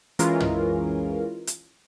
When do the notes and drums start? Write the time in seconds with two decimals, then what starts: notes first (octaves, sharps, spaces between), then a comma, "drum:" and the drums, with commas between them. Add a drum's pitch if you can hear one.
0.19 E3 G#3 C#4 F4 A#4, drum: hi-hat
0.40 drum: tom
1.47 drum: hi-hat